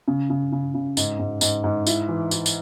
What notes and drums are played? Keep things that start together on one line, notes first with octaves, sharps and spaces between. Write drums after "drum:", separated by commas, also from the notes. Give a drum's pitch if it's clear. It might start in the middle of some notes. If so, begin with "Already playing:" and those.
C#3
C#3
C#3
C#3
G#2, drum: tambourine
G#2
G#2, drum: tambourine
G#2
E4, drum: tambourine
E3
E4, drum: tambourine
drum: tambourine